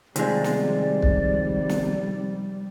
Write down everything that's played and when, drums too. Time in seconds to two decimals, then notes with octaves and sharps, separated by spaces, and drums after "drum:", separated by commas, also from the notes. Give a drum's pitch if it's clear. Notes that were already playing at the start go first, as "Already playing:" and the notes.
0.16 C3 D#3 F3 G3 G#3 C4 D5, drum: hi-hat
0.44 drum: snare
1.02 drum: kick
1.69 drum: snare